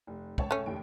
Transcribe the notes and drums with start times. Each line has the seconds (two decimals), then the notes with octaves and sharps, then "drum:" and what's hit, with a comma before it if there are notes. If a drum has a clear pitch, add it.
0.07 F1
0.38 C#2 C#5 A5, drum: kick
0.51 A3 C#4
0.66 F1 D#2 D7